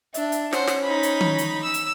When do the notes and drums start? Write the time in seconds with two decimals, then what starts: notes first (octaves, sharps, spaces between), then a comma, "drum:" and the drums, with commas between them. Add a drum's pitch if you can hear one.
0.14 D4 E5, drum: hi-hat
0.32 drum: hi-hat
0.53 C#4 C5 F#5, drum: snare
0.67 drum: snare
0.83 D#4 B5
1.03 drum: hi-hat
1.21 drum: tom D#3
1.38 drum: hi-hat
1.63 E6
1.74 drum: hi-hat